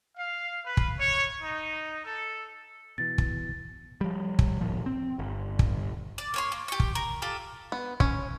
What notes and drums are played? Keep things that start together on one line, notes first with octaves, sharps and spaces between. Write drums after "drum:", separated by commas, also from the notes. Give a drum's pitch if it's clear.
F5
B4
drum: kick
C#5
D#4
A4
B2 E3 A6
drum: kick
F3 G3
drum: kick
E1 A2 F3
C4
G1
drum: kick
D5
A#3 C#5 C6
A#3
G4 C#6
drum: kick
A#4
F4 G4 A4
B3
C#4, drum: kick